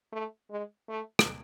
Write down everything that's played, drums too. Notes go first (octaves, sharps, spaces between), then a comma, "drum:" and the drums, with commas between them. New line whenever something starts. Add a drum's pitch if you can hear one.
A3
G#3
A3
drum: rim click